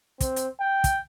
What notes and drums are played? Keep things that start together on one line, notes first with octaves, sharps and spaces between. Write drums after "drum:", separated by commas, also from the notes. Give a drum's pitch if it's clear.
C4, drum: kick, hi-hat
drum: hi-hat
G5
drum: kick, hi-hat